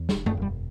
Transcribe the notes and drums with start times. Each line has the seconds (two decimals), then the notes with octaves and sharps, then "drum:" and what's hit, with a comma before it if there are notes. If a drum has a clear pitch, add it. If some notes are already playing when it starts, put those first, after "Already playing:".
Already playing: E2
0.09 G3, drum: snare G4
0.14 E1
0.26 A3, drum: tom F#2
0.37 E1 G3